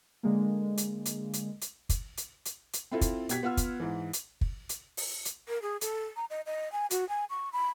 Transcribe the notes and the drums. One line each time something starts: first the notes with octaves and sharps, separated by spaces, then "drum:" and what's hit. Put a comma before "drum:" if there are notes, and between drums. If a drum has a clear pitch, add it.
D3 G#3 A#3
drum: hi-hat
drum: hi-hat
drum: hi-hat
drum: hi-hat
drum: kick, hi-hat
drum: hi-hat
drum: hi-hat
drum: hi-hat
C4 E4 F4 A4
drum: kick, hi-hat
B2 G4 G#6 B6, drum: hi-hat
B3 F4 F#5 E6 F6
drum: kick, hi-hat
G#2 E3
drum: hi-hat
drum: kick
drum: hi-hat
drum: open hi-hat
drum: hi-hat
A#4
G#4
A4, drum: hi-hat
A#5
D#5
D#5
G#5
F#4, drum: hi-hat
G#5
C#6
B5